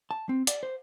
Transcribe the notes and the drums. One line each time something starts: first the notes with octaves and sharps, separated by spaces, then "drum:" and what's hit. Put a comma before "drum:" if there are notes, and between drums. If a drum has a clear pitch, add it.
A5
C4
D5, drum: hi-hat
C5